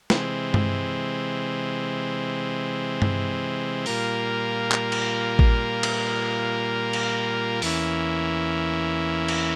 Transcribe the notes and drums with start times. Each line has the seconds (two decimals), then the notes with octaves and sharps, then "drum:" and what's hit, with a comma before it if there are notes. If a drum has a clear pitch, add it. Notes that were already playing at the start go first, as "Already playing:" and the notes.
0.10 C3 E3 G#3 C4, drum: snare
0.54 drum: tom G2
3.02 drum: tom G2
3.86 A#2 G3 A#3 F4 A#4, drum: open hi-hat
4.72 drum: clap
4.92 drum: cymbal
5.39 drum: kick A1
5.83 drum: cymbal
6.93 drum: cymbal
7.62 E2 E3 A#3 C#4 E4, drum: open hi-hat
9.28 drum: cymbal